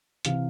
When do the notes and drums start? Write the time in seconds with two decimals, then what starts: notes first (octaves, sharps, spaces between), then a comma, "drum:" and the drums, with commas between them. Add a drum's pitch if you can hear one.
0.25 C3 E3 F5, drum: hi-hat